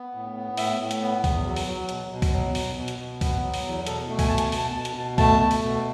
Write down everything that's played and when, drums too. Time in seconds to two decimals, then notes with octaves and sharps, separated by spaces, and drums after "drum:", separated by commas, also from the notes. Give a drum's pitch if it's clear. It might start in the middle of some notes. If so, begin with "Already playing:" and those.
Already playing: B3
0.15 A2
0.36 B3
0.57 A2 E5, drum: open hi-hat
0.80 A2
0.91 drum: hi-hat
1.02 B3
1.24 E2, drum: kick, open hi-hat
1.46 F#3
1.56 drum: open hi-hat
1.68 F#3
1.89 B2, drum: hi-hat
2.11 B2
2.22 drum: kick, open hi-hat
2.33 F#3
2.55 B2, drum: open hi-hat
2.77 B2
2.88 drum: hi-hat
2.99 B2
3.21 B3, drum: kick, open hi-hat
3.42 F#3
3.54 drum: open hi-hat
3.65 E2
3.87 B2 A4, drum: hi-hat
4.09 A3
4.19 G#5, drum: kick, open hi-hat
4.29 B2 A5
4.38 G#5, drum: hi-hat
4.52 B2 A5, drum: open hi-hat
4.74 B2 A5
4.85 drum: hi-hat
4.96 B2
5.18 A3 A5, drum: kick, open hi-hat
5.39 A3
5.51 drum: open hi-hat
5.62 B2